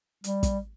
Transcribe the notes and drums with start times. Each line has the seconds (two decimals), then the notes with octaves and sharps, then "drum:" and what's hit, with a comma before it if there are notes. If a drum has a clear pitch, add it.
0.24 G3, drum: hi-hat
0.43 drum: kick, hi-hat